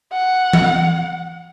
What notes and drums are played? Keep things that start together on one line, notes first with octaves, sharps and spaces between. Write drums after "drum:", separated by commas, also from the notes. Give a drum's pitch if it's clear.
F#5
drum: tom E3